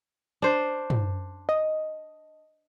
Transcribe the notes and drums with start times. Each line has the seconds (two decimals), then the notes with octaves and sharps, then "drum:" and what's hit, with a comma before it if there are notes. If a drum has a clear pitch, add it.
0.42 D4 C5
0.90 drum: tom
1.49 D#5